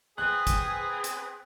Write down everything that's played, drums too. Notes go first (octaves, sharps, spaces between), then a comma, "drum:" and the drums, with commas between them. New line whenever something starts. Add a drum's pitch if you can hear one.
C4 G#4 B4 F#6
drum: kick, hi-hat
drum: hi-hat